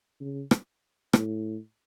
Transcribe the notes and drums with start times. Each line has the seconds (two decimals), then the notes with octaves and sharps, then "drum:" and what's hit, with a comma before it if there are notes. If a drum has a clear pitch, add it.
0.20 C#3
0.51 drum: rim click
1.13 A2, drum: rim click